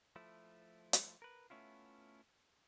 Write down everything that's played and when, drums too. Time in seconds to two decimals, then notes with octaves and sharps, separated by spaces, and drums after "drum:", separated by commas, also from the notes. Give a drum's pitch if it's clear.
0.16 F3 A3 E4
0.93 drum: hi-hat
1.22 A#4 B4
1.50 A3 B3 C#4 E4 F4